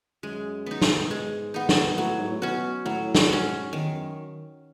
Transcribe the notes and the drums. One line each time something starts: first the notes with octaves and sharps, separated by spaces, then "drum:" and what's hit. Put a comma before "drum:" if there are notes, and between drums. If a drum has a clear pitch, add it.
F#2 G#3
B3 D#4
drum: snare
G#2 G#3
B3 D#4
drum: snare
A2 F#3
G#2
A2
B2 C#4 F#4
A2 F#3
drum: snare
G#2 C#4 F#4
E2 D#3
F#2